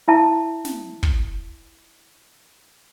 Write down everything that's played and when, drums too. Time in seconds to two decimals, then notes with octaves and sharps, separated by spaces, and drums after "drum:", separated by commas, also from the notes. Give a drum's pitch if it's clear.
0.08 E4 E5 A5
0.65 drum: snare
1.03 drum: kick